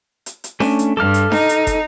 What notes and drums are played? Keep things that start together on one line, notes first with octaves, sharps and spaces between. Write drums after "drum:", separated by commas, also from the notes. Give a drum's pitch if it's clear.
drum: hi-hat
drum: hi-hat
A3 C#4 D4, drum: snare D4
drum: hi-hat
G2 A4 D6 F6
drum: hi-hat
D#4, drum: snare D4
drum: hi-hat
drum: kick, hi-hat